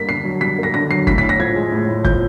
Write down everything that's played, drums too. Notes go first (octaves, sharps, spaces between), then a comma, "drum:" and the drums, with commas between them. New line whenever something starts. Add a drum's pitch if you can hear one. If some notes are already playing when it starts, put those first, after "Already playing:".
Already playing: G2 A#3 B6
D3 C7
F#3
G2 B6
A#3
A#6
D3 A#6
F#3 C7
A2 B6, drum: kick
A2 B6
A#6
F3 G#6
G#3
A2
A2
F3 G6, drum: kick